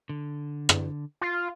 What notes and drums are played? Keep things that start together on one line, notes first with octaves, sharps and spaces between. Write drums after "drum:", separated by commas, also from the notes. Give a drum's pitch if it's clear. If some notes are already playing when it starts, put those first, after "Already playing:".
D3
drum: rim click
F4